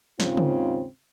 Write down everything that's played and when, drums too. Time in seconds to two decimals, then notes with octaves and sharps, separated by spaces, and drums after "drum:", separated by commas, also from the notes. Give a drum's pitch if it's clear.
0.20 D#2 G#2 C#3 C4 F4, drum: snare
0.37 drum: tom C#3